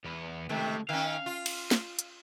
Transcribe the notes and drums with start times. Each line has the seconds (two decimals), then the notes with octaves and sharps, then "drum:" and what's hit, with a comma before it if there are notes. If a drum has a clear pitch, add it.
0.04 E2 B3
0.49 C#2 C3 D#3 A3
0.89 D#3 C#4 F5
1.26 F4
1.46 drum: cymbal
1.71 drum: snare
1.99 drum: hi-hat